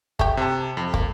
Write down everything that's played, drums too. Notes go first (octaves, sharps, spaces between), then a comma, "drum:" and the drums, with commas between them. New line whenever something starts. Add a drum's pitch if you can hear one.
A3 G4, drum: kick
C3 A5
F2
A#3, drum: kick